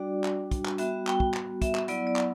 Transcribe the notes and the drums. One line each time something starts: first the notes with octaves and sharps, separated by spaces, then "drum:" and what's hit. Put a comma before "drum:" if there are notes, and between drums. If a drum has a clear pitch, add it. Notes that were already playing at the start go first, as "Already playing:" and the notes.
Already playing: G3 D4 F#4 D5
drum: clap
drum: kick, hi-hat
drum: clap
G3 B3 F#4 E5, drum: hi-hat
G5, drum: clap
drum: kick
drum: clap
E5, drum: kick, hi-hat
drum: clap
F#3 B3 E4 D5, drum: hi-hat
D5
drum: clap